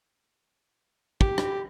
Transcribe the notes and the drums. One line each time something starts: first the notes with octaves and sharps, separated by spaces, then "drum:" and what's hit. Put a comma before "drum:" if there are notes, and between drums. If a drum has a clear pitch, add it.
G4, drum: kick
drum: rim click